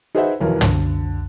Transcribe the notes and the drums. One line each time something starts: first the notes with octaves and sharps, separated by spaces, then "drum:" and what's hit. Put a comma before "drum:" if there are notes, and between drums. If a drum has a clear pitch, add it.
D#4 G#4 B4 C5 E5 F#5
D#1 B1 F2 E3 A#4
D3, drum: tom